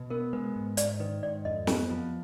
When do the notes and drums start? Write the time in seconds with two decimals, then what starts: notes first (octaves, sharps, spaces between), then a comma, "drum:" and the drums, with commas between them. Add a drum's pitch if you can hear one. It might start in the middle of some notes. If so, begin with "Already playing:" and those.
Already playing: B2
0.10 B3 A#4
0.33 G#3 B4
0.56 G#2
0.77 G#2 D5, drum: hi-hat
1.00 D#3 B4
1.23 G#2 D5
1.45 F2 D#5
1.67 B3, drum: snare
1.90 F3